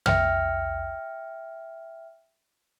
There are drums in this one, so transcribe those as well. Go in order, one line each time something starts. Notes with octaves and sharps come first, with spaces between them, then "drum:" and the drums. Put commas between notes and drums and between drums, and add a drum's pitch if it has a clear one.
E5 G5 F6, drum: tom